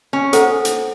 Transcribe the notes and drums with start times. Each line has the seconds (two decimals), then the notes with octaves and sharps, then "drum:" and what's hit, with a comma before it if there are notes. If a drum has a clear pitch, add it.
0.13 C#4
0.33 A4 C5 F#5 A#5, drum: hi-hat
0.65 drum: hi-hat